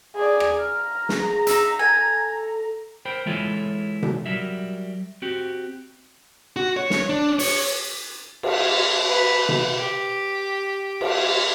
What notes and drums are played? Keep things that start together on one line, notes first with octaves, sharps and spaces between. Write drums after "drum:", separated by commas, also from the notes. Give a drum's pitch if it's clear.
G#4 D5
drum: rim click
A#5 F6
G#4, drum: snare
D#4 E5, drum: hi-hat
A4 G#5
A#4 C5 G5 B5
E3 G#3 E4 F4 A4 C#5
drum: tom B2
F#3 G3 A#4 E5
C4 F#4 G4
F#4
C#5
drum: snare
D4
C#5, drum: open hi-hat
drum: cymbal
B4
drum: tom B2
G4
drum: cymbal